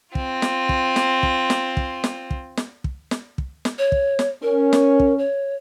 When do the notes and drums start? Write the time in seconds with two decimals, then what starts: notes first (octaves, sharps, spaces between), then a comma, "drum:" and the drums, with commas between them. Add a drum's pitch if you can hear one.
0.15 C4 F4, drum: kick
0.42 drum: snare
0.69 drum: kick
0.96 drum: snare
1.23 drum: kick
1.50 drum: snare
1.77 drum: kick
2.04 drum: snare
2.31 drum: kick
2.57 drum: snare
2.84 drum: kick
3.11 drum: snare
3.38 drum: kick
3.65 drum: snare
3.78 C#5
3.92 drum: kick
4.19 drum: snare
4.43 C#4 A#4
4.73 drum: snare
5.00 drum: kick
5.18 C#5